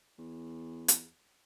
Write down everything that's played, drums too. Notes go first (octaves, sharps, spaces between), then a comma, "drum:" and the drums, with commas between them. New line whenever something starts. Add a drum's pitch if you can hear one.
E2
drum: hi-hat